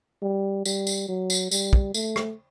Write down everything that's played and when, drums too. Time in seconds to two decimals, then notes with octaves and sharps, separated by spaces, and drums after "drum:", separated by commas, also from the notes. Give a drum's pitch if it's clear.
0.22 G3
0.65 G3, drum: tambourine
0.87 drum: tambourine
1.09 F#3
1.30 drum: tambourine
1.51 G3, drum: tambourine
1.73 drum: kick
1.94 A3, drum: tambourine
2.16 drum: rim click